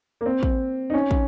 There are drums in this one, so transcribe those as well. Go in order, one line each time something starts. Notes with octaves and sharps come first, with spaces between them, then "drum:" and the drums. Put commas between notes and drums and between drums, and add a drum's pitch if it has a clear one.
A#3
C4
drum: kick
D#4
C#4
drum: kick